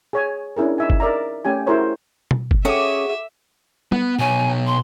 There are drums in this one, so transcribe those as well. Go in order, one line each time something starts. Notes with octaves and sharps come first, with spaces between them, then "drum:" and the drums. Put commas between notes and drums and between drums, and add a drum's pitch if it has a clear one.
G#4 C#5 G#5
C#4 D4 E4 G#4 A#4
D#4 E5 G#5
drum: kick
D#4 A#4 D5 E5 A#5
A3 C#4 G4 G#5
E4 F#4 G#4 A#4 C5 C#5
drum: tom B2
drum: kick
C#4 F#4 G#4 A4 E5 D6
B3, drum: tom
B2 C#5 G#5
C6